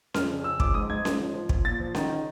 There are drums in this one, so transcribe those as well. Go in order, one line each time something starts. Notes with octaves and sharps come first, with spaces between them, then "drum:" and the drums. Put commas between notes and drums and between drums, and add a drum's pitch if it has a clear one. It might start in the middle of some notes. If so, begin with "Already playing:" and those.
F2 F6, drum: snare C#4
C#3
C#3 E6
F2 D6, drum: kick
G#2 D#6
G#2 G#6
G#2, drum: snare C#4
F3
F3
F3, drum: kick
A#2 A6
F3
D#3, drum: snare C#4
D#3